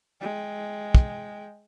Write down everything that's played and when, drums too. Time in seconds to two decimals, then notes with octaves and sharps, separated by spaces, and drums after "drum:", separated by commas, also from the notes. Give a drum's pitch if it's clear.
0.21 G#3 G5
0.95 drum: kick